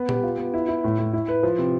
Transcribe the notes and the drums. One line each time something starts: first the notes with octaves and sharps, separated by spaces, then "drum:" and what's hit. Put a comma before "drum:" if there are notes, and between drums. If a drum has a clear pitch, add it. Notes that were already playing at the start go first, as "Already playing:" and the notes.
Already playing: B3
G4, drum: tom A#2
F4
B3
E4
E4
A2
A2
E4
B4
F3
C3